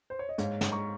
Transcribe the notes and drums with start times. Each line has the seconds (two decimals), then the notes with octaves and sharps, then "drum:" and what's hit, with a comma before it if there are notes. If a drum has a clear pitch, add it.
0.10 C5
0.19 C#5
0.29 D#5
0.38 G#2 C#5 F5, drum: hi-hat
0.61 G#2, drum: snare
0.72 A#5 C#6